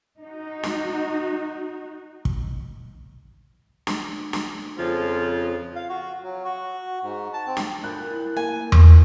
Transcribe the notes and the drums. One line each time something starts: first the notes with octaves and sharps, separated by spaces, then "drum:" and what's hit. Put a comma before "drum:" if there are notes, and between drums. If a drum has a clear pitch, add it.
D#4 F#4
drum: snare
drum: kick
drum: snare
drum: snare
F2 C#3 F3 F4
F5
F#4
F#3
F#4
G#2
A5
C4
drum: snare
A#2 G5 A5 B5 F#6
E4
A#3 G#5
drum: tom E2